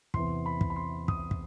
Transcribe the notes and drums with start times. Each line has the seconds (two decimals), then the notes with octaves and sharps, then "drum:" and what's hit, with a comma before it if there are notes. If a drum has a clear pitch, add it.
0.14 E2 C3 E3 B3 C6, drum: kick
0.46 B5
0.61 drum: kick
0.70 B5
0.76 C6
1.08 D#6, drum: kick
1.31 drum: kick